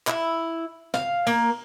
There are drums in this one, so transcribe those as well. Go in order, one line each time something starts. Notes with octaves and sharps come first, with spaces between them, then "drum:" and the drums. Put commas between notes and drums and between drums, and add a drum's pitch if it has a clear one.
E4, drum: clap
F5, drum: snare
A#3, drum: cymbal